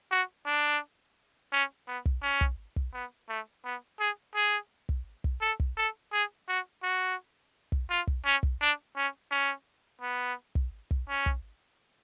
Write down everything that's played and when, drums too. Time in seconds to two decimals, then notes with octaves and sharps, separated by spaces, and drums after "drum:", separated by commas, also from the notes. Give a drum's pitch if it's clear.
0.11 F#4
0.46 D4
1.52 C#4
1.87 B3
2.06 drum: kick
2.23 C#4
2.41 drum: kick
2.76 drum: kick
2.94 B3
3.29 A3
3.65 B3
4.00 G#4
4.36 G#4
4.89 drum: kick
5.24 drum: kick
5.41 A4
5.60 drum: kick
5.77 A4
6.13 G#4
6.48 F#4
6.83 F#4
7.72 drum: kick
7.90 F4
8.07 drum: kick
8.25 C#4
8.43 drum: kick
8.61 D4
8.96 C#4
9.31 C#4
10.02 B3
10.55 drum: kick
10.91 drum: kick
11.09 C#4
11.26 drum: kick